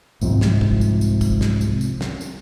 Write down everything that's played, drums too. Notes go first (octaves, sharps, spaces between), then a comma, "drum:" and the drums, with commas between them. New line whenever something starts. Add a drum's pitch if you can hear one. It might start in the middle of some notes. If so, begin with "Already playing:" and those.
C2 G#2 C3 F3, drum: tambourine
drum: snare
drum: kick
drum: tambourine
drum: tambourine
drum: kick, tambourine
drum: snare
drum: tambourine
drum: tambourine
drum: snare
drum: tambourine